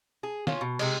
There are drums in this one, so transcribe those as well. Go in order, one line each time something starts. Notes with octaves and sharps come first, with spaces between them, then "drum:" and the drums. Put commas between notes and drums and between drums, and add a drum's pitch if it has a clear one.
G#4
C#4 F4, drum: snare
B2
C3 E3 G#3, drum: cymbal